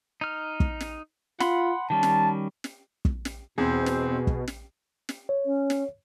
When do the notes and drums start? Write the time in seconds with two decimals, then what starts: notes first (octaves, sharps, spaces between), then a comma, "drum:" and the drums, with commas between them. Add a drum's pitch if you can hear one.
0.21 D#4 F6
0.60 drum: kick
0.80 drum: snare
1.40 F4 F#5 B5 C6, drum: snare
1.90 D#3 G3 C#4 A5
2.03 drum: snare
2.64 drum: snare
3.05 drum: kick
3.25 drum: snare
3.58 E2 B2 C4 G#4 C5
3.86 drum: snare
4.27 drum: kick
4.48 drum: snare
5.09 drum: snare
5.29 C#5
5.46 C#4
5.70 drum: snare